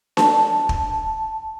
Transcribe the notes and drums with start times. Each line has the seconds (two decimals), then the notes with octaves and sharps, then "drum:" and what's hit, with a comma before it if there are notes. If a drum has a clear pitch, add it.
0.17 A5, drum: snare D4
0.69 drum: kick